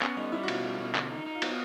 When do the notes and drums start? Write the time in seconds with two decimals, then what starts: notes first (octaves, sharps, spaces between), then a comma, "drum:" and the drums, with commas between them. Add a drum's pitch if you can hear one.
0.01 B3 C#4, drum: clap
0.17 G3 D#4
0.32 G3 E4
0.43 F#4
0.48 B2 F4, drum: cymbal
0.63 G3
0.80 B2
0.95 D3, drum: clap
1.10 D#4
1.26 D#4
1.35 F4
1.42 B3 F#4, drum: cymbal